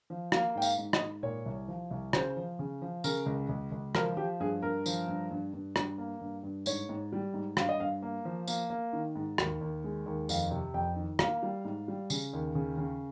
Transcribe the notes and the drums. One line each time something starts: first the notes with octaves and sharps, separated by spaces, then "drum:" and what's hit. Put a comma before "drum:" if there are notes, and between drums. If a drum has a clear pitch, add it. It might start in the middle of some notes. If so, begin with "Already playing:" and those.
F3
A#3 F5, drum: rim click
G#2 G5
F5, drum: tambourine
G#2
D#5, drum: rim click
G#2
A#2 C#5
C2
F3
C2
C#3 C5, drum: rim click
F3
C#3
F3
C#3 A#4, drum: tambourine
C#2
C#2
C#2
F3 A#4, drum: rim click
F3 G4
G2 G#4
G2 A#4
F3, drum: tambourine
G2
G2
G2
G2, drum: rim click
A#3
G2
G2
G#2 C#5, drum: tambourine
G#2
G3
G#2
G2 F5, drum: rim click
D#5
G2 F5
A#3
F3
A#3, drum: tambourine
A#3
D#3
G#2
D#2, drum: rim click
D#2
G#3
D#2
F2 F5, drum: tambourine
C3
F2 G5
D#3
A#3 F5, drum: rim click
G3
G#2
G3
C#3, drum: tambourine
D#2
C#3
C#3